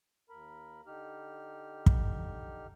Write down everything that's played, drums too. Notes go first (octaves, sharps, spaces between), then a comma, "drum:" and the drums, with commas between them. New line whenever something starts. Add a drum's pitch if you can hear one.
D#2 A#4 B5
D3 D#4 G4 F6
drum: kick